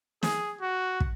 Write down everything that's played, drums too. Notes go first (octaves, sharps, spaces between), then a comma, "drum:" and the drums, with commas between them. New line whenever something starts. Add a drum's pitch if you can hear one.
G#4, drum: snare
F#4
drum: kick